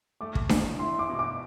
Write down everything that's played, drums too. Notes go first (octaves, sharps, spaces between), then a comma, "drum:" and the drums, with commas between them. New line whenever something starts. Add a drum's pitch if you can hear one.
A3 D6
drum: kick
E2, drum: snare D4
E4 C6
D6
B2
D6